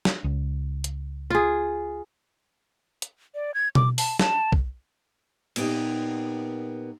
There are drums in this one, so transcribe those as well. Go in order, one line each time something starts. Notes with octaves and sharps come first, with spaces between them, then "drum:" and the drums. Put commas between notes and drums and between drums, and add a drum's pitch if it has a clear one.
drum: snare
C#2
drum: hi-hat
F4 G#4
drum: hi-hat
D5
G#6
D6, drum: tom B2
A5, drum: open hi-hat
A5, drum: snare
drum: kick
A#2 A#3 B3 D#4 G4, drum: cymbal